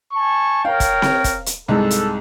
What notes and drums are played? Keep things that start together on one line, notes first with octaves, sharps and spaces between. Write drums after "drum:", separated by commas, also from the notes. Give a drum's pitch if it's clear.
G#5 A5 C#6
A#4 C#5 F5 G5
drum: kick, hi-hat
drum: snare C4
drum: kick, hi-hat
drum: hi-hat
C2 G#2 G#3 A4
drum: hi-hat